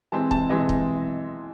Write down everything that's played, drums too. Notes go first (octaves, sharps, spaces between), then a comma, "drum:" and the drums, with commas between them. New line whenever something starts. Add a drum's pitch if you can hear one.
E3 G#3 C4 A5
A5, drum: kick
E3 G#3 C4 D#5
drum: kick